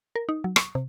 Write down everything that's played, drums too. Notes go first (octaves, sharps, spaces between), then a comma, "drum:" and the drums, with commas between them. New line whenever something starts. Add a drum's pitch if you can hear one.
A#4
D#4
F#3
C#6, drum: rim click
C3